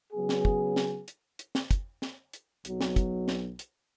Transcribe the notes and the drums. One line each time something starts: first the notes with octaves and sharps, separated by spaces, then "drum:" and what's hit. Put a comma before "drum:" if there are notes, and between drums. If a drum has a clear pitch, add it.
C#3 F#3 B3 G#4
drum: snare
drum: kick
drum: snare
drum: hi-hat
drum: hi-hat
drum: snare
drum: kick, hi-hat
drum: snare
drum: hi-hat
B1 B2 F#3, drum: hi-hat
drum: snare
drum: kick, hi-hat
drum: snare
drum: hi-hat